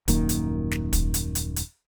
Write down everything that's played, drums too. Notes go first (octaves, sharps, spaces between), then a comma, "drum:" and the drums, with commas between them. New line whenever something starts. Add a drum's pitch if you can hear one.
D#1 F#2 D#3 A#3, drum: kick, hi-hat
drum: hi-hat
drum: snare
drum: kick, hi-hat
drum: hi-hat
drum: hi-hat
drum: hi-hat